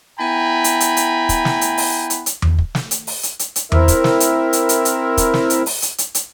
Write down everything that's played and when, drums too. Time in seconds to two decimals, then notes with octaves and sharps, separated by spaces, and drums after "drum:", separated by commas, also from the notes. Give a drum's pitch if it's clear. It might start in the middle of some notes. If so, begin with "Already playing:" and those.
0.19 B3 E4 G5 G#5 A#5 B5
0.64 drum: hi-hat
0.80 drum: hi-hat
0.97 drum: hi-hat
1.29 drum: kick, hi-hat
1.45 drum: snare
1.61 drum: hi-hat
1.78 drum: open hi-hat
2.10 drum: hi-hat
2.26 drum: hi-hat
2.42 drum: tom E2
2.58 drum: kick
2.75 drum: snare
2.91 drum: hi-hat
3.07 drum: open hi-hat
3.23 drum: hi-hat
3.39 drum: hi-hat
3.56 drum: hi-hat
3.72 C4 E4 A#4 E5, drum: tom E2
3.88 drum: kick, hi-hat
4.04 drum: snare
4.20 drum: hi-hat
4.53 drum: hi-hat
4.69 drum: hi-hat
4.85 drum: hi-hat
5.17 drum: kick, hi-hat
5.34 drum: snare
5.50 drum: hi-hat
5.66 drum: open hi-hat
5.82 drum: hi-hat
5.98 drum: hi-hat
6.15 drum: hi-hat